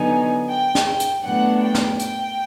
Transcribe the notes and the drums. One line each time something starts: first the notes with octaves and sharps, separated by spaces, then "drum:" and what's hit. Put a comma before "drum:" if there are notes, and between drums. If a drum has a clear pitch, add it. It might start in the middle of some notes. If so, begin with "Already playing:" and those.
Already playing: D3 F#3 B3 D#4 G#5
G5
drum: snare
G5
drum: hi-hat
A2 F#3 B3 D4 F#5
G5
drum: snare
G5, drum: hi-hat